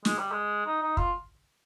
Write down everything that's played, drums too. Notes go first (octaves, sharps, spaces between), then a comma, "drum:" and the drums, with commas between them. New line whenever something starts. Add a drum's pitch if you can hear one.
G#3, drum: snare
G3
G#3
D#4
D#4
F4, drum: kick